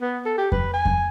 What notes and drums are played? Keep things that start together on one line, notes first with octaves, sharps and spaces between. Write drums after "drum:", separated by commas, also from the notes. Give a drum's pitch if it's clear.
B3
A4
G4
B4, drum: kick F2
G#5
drum: kick F2